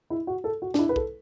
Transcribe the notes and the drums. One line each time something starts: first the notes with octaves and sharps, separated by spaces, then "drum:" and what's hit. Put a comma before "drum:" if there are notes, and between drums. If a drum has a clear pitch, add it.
E4
F#4
A4
F#4
D4, drum: snare
E4
B4
A4, drum: kick